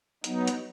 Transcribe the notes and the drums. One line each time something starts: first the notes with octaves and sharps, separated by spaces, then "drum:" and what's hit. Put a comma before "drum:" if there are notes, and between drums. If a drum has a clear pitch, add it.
F#3 B3 D#4, drum: hi-hat
drum: hi-hat